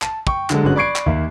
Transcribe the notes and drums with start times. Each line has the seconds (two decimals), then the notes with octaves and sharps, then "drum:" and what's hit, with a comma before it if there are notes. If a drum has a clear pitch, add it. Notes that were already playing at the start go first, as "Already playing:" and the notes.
0.02 A5, drum: clap
0.27 G5 C#6, drum: kick
0.50 D3 F#3 G#3 A4, drum: clap
0.63 G1 D3 G#3 C#4 F#4 F#6
0.76 D5 B5 C#6 G#6 C7 D7
0.96 drum: clap
1.06 D#2 A#3 E5